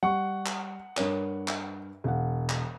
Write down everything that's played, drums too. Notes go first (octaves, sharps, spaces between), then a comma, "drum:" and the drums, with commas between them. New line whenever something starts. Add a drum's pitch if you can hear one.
G3 F#5 C#6
drum: clap
G2 A#4 C#5, drum: clap
drum: clap
E1 F5 F#5
drum: clap